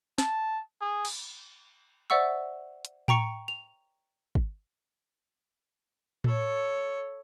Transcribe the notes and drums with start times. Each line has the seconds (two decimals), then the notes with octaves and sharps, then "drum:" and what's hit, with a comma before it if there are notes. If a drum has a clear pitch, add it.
0.18 A5, drum: snare
0.81 G#4
1.05 drum: cymbal
2.10 C5 D5 E5 F#5 C#6 E6
2.85 drum: hi-hat
3.08 G5 A#5 C#6 C#7, drum: tom A2
3.48 F7
4.35 drum: kick
6.24 A4 C#5, drum: tom A2